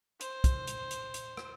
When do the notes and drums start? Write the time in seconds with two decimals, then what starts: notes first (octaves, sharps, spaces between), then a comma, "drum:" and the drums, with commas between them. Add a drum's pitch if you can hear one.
0.21 C5, drum: hi-hat
0.44 drum: kick, hi-hat
0.67 drum: hi-hat
0.91 drum: hi-hat
1.14 drum: hi-hat
1.37 drum: rim click